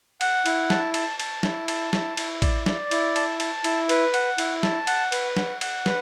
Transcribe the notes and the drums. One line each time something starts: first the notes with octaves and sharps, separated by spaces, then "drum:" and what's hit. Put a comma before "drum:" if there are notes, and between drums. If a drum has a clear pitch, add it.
F#5, drum: cymbal
E4, drum: cymbal
A5, drum: snare
A5, drum: cymbal
A5, drum: cymbal
E4, drum: snare
A5, drum: cymbal
E4, drum: snare
E4, drum: cymbal
D5, drum: kick A1, cymbal
D5, drum: snare
E4, drum: cymbal
A5, drum: cymbal
A5, drum: cymbal
E4, drum: cymbal
B4, drum: cymbal
F#5, drum: cymbal
E4, drum: cymbal
A5, drum: snare
F#5, drum: cymbal
B4, drum: cymbal
F#5, drum: snare
F#5, drum: cymbal
B4, drum: snare